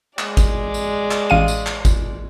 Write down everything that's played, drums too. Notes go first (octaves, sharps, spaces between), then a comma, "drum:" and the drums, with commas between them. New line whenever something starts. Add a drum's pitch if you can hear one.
G#3 D5, drum: clap
drum: kick G1, tambourine
drum: tambourine
drum: clap
A1 F5 D#7
drum: tambourine
drum: clap
drum: kick G1, tambourine